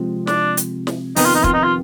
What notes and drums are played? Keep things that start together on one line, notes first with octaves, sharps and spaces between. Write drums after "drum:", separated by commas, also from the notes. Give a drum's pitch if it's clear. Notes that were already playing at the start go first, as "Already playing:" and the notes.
Already playing: C3 F3 G#3 C4
D4, drum: snare
drum: hi-hat
drum: snare
F2 C3 D#3 B3 D#4, drum: open hi-hat
F4
D#4
F4, drum: kick
D#4
F4